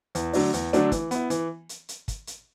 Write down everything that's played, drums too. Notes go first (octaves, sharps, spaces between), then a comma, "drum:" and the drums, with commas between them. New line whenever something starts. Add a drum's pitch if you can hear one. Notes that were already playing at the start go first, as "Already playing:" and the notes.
E2, drum: hi-hat
D3 F#3 A3 D4, drum: open hi-hat
E2, drum: hi-hat
D3 F#3 A3 D4, drum: hi-hat
E3, drum: kick, hi-hat
B3 E4, drum: hi-hat
E3, drum: hi-hat
drum: hi-hat
drum: hi-hat
drum: kick, hi-hat
drum: hi-hat